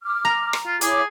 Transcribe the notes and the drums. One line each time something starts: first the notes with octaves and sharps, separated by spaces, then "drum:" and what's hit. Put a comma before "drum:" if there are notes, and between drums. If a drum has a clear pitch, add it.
D6 F6
A#5
drum: rim click
F4
E4 G#4 C#5 D6, drum: hi-hat